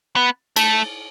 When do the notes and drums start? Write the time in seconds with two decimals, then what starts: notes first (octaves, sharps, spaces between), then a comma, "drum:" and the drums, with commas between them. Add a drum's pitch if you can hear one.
0.16 B3
0.56 A3, drum: cymbal